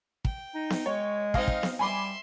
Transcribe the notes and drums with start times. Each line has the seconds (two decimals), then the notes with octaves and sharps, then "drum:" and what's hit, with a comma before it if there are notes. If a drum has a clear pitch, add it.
0.25 G5, drum: kick
0.55 D#4
0.70 drum: snare B3
0.86 G#3 C#5
1.34 C4 D#4 D#5 F5, drum: kick
1.48 drum: kick
1.63 drum: snare B3
1.79 G3 E5 G#5 B5 C6 D6